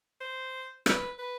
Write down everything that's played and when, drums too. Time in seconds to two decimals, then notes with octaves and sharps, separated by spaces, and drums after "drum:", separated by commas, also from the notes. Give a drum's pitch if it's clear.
0.21 C5
0.86 B4, drum: rim click
1.19 B4